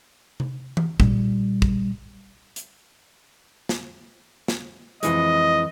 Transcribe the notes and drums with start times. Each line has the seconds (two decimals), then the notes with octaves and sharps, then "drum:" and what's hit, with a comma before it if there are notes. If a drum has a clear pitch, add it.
0.40 drum: tom C3
0.77 drum: tom E3
1.00 A#2 G3, drum: kick
1.62 drum: kick
2.56 drum: hi-hat
3.69 drum: snare
4.48 drum: snare
5.03 F2 E3 G#3 D#5, drum: hi-hat